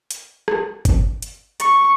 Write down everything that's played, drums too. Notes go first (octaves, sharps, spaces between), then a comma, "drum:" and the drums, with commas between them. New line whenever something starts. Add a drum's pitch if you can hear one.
drum: hi-hat
drum: rim click
drum: kick G1, hi-hat
drum: hi-hat
C#6, drum: hi-hat